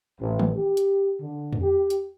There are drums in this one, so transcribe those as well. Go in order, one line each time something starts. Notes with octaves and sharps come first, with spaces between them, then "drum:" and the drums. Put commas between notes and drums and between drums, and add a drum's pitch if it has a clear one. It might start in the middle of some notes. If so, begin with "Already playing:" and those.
A1
drum: tom D#3
G4
drum: hi-hat
D3
drum: tom E2
G4
drum: hi-hat